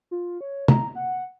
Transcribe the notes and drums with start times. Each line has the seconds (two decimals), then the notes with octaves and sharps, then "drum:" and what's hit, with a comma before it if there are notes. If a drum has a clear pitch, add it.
0.11 F4
0.41 C#5
0.68 A#5, drum: tom
0.95 F#5